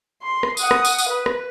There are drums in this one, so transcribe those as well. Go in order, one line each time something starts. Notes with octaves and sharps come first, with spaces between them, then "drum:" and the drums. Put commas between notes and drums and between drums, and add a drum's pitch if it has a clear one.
C6
drum: rim click
F#5 D#6, drum: tambourine
drum: rim click
drum: tambourine
drum: tambourine
B4
drum: rim click